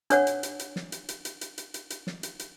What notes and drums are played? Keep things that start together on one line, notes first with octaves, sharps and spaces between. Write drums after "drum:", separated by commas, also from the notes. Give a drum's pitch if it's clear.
D4 C#5 F#5, drum: hi-hat
drum: hi-hat
drum: hi-hat
drum: hi-hat
drum: snare
drum: hi-hat
drum: hi-hat
drum: hi-hat
drum: hi-hat
drum: hi-hat
drum: hi-hat
drum: hi-hat
drum: snare
drum: hi-hat
drum: hi-hat